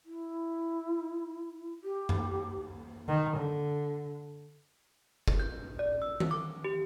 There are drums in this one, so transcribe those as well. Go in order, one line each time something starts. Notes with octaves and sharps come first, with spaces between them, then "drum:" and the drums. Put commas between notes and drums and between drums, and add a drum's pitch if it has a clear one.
E4
G4
drum: tom F#2
D#3
D3
drum: kick
G6
D5
E6
drum: tom D#3
D6
G4